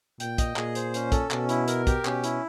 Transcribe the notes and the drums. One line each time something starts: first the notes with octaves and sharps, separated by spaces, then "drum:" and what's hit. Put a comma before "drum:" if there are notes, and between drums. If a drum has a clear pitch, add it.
A#2 G5, drum: hi-hat
D#5, drum: kick, hi-hat
A#2 G#4, drum: clap
C5, drum: hi-hat
C#4, drum: hi-hat
A4, drum: kick, hi-hat
B2 C#4, drum: clap
E4, drum: hi-hat
A#4, drum: hi-hat
G4, drum: kick, hi-hat
B2 C#4, drum: clap
E4, drum: hi-hat